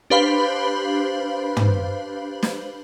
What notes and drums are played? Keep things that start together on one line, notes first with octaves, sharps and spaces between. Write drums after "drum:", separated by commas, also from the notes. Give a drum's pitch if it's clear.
D4 G4 B4 C5 F5 B5
drum: tom
drum: snare